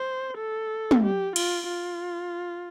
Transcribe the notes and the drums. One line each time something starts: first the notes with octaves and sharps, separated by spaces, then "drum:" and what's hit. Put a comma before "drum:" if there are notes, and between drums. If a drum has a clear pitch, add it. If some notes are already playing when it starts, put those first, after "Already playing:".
Already playing: C5
A4
drum: tom
G4
F4, drum: cymbal
F4